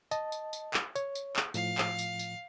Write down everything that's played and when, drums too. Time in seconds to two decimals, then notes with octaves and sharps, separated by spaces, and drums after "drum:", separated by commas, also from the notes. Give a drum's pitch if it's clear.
0.11 D#5 A5, drum: tambourine
0.32 drum: tambourine
0.53 drum: tambourine
0.74 drum: clap
0.95 C#5, drum: tambourine
1.15 drum: tambourine
1.36 drum: clap
1.54 A2 F3 F5, drum: tambourine
1.78 drum: clap
1.99 drum: tambourine
2.19 drum: tambourine